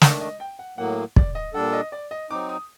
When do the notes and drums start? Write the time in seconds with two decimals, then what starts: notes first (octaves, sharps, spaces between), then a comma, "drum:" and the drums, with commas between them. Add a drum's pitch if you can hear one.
0.02 D#3 A3 D4 D#5, drum: snare
0.21 D#5
0.40 G5
0.59 F#5
0.78 A2 F#3 A#3 F#5
1.16 D5, drum: kick
1.35 D#5
1.54 A#2 G3 D4 A4 F#5
1.73 D#5
1.92 D5
2.11 D#5
2.30 F#3 C4 D#4 D6
2.49 D#6